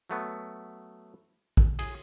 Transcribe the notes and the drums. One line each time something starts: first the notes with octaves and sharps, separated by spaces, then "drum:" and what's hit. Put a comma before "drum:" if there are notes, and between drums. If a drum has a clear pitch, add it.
F#3 A3 B3
drum: kick
G#4, drum: cymbal